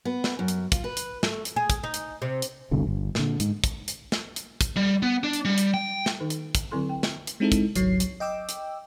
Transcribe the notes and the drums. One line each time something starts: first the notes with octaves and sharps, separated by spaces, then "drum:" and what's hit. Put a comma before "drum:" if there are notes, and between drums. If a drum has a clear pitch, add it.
B3
drum: snare
F#2
drum: hi-hat
F4, drum: kick, hi-hat
B4
drum: hi-hat
A3, drum: snare
drum: hi-hat
G#4
drum: kick, hi-hat
D#4
drum: hi-hat
C3
drum: hi-hat
G1 C2 B2 D3
G1
A#2 D3, drum: snare
G#2, drum: hi-hat
drum: kick, hi-hat
drum: hi-hat
drum: snare
drum: hi-hat
drum: kick, hi-hat
G3
B3
D4
drum: hi-hat
G3
drum: hi-hat
G5
drum: snare
D#3 D#4 A4
drum: hi-hat
drum: kick, hi-hat
D3 F#3 C4 E4 A4 C6
G5
drum: snare
drum: hi-hat
G#3 C4 D#4 E4 A4
drum: kick, hi-hat
G#1 C#2 F#3 C#5 C7, drum: hi-hat
drum: hi-hat
D#5 G5 D6 E6
drum: hi-hat